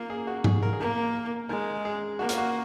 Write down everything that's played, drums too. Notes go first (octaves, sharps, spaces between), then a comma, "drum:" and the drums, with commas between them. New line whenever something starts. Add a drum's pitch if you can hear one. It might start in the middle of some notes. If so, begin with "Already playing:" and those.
Already playing: A#3 F4
G#4
F#4
G#4, drum: tom G#2
A#4
G#4
A#3 A#4
G#3 A#4
G#4
A#3 F#4
F4, drum: hi-hat
F#4